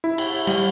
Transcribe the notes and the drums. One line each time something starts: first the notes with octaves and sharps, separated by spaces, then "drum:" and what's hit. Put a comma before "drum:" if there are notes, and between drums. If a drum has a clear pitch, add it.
E4
drum: cymbal
G3, drum: cymbal